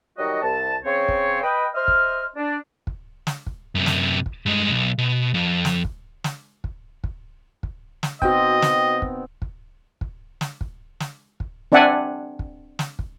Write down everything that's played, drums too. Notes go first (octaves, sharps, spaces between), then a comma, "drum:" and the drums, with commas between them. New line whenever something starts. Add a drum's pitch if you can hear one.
D#3 F#3 G3 F#4 D#5
C2 A5
C#3 C4 C#5
drum: kick
B4 D#5 G5
C5 D#5 E5 F6
drum: kick
D4
drum: kick
drum: snare
drum: kick
F#2 C3
drum: snare
drum: kick
G2 G#3
B1
B2
F2
drum: snare
drum: kick
drum: snare
drum: kick
drum: kick
drum: kick
drum: snare
B2 C4 D#4 F#4 D#5 G5, drum: kick
drum: snare
drum: kick
drum: kick
drum: kick
drum: snare
drum: kick
drum: snare
drum: kick
C4 D4 D5 E5 F#5 G#5
drum: kick
drum: snare
drum: kick